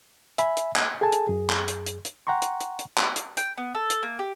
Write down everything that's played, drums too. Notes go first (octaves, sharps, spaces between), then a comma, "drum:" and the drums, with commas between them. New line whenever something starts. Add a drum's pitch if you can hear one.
E5 G#5 B5, drum: hi-hat
drum: hi-hat
G#6, drum: clap
G#4 A4 G#5 A5
drum: hi-hat
F#2 G#4
drum: clap
drum: hi-hat
drum: hi-hat
drum: hi-hat
F#5 G5 A#5 C6 C#6
drum: hi-hat
drum: hi-hat
drum: hi-hat
drum: clap
drum: hi-hat
G5, drum: hi-hat
B3
A4
drum: hi-hat
A#3
G4